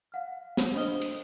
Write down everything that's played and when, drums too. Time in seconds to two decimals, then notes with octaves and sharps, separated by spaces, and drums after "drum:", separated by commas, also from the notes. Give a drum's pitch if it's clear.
0.12 F5 F#5 F6
0.57 drum: snare
0.75 D4 C5 D#5 D#6 F6 G7
1.01 drum: cymbal